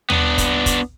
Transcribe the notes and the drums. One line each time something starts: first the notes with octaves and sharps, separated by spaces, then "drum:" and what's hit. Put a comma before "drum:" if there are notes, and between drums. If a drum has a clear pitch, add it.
B3 D4, drum: tom
drum: kick, hi-hat
drum: kick, hi-hat